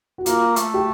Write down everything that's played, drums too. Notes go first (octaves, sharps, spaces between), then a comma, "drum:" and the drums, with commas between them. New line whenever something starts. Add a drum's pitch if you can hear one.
F#4
A#3 F4, drum: hi-hat
A3, drum: hi-hat
G4